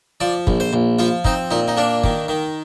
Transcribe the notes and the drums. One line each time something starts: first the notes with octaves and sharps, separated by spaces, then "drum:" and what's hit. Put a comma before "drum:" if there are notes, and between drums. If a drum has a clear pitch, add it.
F3 D5
A#1, drum: kick
C5
A#1
F3 F4
C4 D#4, drum: kick
A#2 D#4
D#4
A#3 D4
D#3, drum: kick
D#3